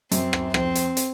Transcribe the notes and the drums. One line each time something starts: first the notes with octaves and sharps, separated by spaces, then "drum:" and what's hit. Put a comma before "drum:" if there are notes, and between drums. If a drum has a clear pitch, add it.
F#2 C4, drum: hi-hat
drum: rim click
F2 C4, drum: rim click
drum: hi-hat
drum: hi-hat